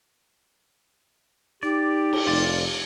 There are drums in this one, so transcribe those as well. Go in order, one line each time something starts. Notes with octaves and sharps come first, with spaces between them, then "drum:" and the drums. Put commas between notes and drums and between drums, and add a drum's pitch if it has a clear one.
D#4 G4 D5
drum: cymbal
F1 F4 D5